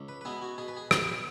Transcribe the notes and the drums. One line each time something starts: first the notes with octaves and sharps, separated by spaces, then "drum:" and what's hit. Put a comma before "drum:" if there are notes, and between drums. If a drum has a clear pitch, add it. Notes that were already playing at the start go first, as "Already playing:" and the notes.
Already playing: C#2
B4
B4
B2 B3 E4 G#4
F#4
B2 G#4
B4
G#4
B3 E4 G#4, drum: rim click